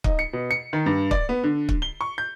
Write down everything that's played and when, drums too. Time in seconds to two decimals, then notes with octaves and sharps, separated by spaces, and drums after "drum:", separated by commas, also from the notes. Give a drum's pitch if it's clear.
0.04 D#4, drum: kick
0.19 C#7
0.33 B2
0.51 C#7
0.73 D#3
0.86 G2
1.11 D5, drum: kick
1.29 B3
1.44 D3
1.69 drum: kick
1.82 G7
2.01 C#6
2.18 G6